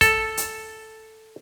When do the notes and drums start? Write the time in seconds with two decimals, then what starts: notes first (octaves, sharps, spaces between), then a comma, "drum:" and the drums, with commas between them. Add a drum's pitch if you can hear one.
0.01 A4, drum: kick, hi-hat
0.37 drum: hi-hat